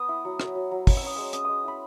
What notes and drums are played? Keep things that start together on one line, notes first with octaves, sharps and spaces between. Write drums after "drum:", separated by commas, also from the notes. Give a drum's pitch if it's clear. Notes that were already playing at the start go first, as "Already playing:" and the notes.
Already playing: B3 D#6
E4
F#3
F#3, drum: rim click
F#3
F#3
C#4, drum: kick, open hi-hat
E6
C#4 D#6
G#3 E6
C#4 D#6, drum: hi-hat
G#3 D#6
E4 B5